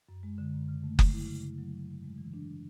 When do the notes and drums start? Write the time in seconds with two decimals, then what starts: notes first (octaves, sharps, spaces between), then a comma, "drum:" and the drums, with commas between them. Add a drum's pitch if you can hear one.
0.09 F#2
0.23 G#3
0.38 D3
0.54 F#2
0.69 C#3
0.84 A3
0.99 F#3, drum: kick F#1
1.13 E4
1.28 C#3
1.44 A3
1.58 F#3
1.74 E4
1.89 G#2
2.04 G#3
2.18 E3
2.34 D4